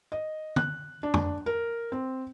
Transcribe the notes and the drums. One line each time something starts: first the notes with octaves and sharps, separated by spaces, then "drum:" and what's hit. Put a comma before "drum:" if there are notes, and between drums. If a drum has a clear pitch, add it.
D#5
F#6, drum: tom
D4
drum: tom
A#4
C4